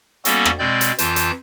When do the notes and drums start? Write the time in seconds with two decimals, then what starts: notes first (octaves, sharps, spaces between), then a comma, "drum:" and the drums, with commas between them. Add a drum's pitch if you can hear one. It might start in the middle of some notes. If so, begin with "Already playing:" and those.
0.25 G3 A#3 B3 C#4 F#4 A4, drum: hi-hat
0.45 drum: rim click
0.59 B2 G#3 C4 D5 G6
0.81 drum: hi-hat
0.98 F2 E3 F4 A5 G6, drum: hi-hat
1.16 drum: hi-hat